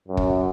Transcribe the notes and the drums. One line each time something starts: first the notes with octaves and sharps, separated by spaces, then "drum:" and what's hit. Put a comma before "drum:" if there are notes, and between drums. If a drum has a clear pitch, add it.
F#2
drum: kick